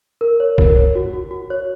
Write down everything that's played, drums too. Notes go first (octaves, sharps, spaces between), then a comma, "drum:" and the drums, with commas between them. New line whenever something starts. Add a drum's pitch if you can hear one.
A#4
C#5
A#4, drum: kick
C#5
F#4
F#4
F#4
C#5